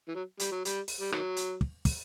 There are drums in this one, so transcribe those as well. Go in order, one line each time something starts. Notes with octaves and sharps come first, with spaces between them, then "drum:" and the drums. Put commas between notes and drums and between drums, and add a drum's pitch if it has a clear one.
E3
F#3
G3, drum: hi-hat
F#3
G3, drum: hi-hat
drum: open hi-hat
G3
D#3 F#3, drum: rim click
drum: hi-hat
drum: kick
drum: kick, open hi-hat